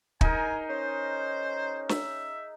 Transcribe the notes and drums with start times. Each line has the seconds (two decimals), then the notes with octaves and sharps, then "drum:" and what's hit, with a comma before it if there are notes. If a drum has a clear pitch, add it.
0.21 D#4 G#4 A#4 G#5, drum: kick
0.69 C#4 C5
1.89 E5, drum: snare